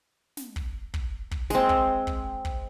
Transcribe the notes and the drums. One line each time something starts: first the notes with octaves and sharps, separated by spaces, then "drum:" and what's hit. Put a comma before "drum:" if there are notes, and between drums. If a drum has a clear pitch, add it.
drum: snare
drum: kick
drum: kick
drum: kick
G#3 C4, drum: snare
drum: kick
drum: kick
drum: kick